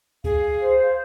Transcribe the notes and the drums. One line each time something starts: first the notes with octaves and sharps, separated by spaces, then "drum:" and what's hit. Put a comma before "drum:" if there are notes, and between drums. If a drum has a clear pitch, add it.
G#4 F5, drum: kick C#2
C5